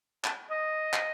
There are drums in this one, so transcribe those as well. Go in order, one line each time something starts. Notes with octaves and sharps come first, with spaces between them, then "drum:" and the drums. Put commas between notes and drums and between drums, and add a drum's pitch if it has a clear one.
A5, drum: clap
D#5
drum: clap